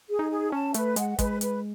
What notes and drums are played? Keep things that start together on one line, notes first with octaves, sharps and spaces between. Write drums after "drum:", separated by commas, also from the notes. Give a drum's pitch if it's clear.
G#4
D#4
G#4
C#4 A5
A3 B4, drum: hi-hat
G#3 F#5, drum: hi-hat
G#3 B4, drum: kick, hi-hat
B4, drum: hi-hat